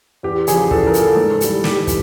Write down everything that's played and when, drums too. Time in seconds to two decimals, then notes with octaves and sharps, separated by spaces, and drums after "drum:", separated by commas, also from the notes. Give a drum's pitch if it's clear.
0.23 E2 G4
0.47 C#3 F3 G#4, drum: hi-hat
0.71 E2 A4, drum: kick
0.87 A#4
0.94 F3, drum: hi-hat
0.99 C#3 A4
1.16 G#2
1.41 E3 G3, drum: hi-hat
1.64 G#2 G4, drum: snare
1.87 E3, drum: kick, hi-hat